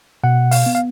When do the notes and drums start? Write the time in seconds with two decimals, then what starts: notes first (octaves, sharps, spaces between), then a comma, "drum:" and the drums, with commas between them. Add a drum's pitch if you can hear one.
0.23 B2 F#5
0.51 F5, drum: open hi-hat
0.66 B3
0.75 F5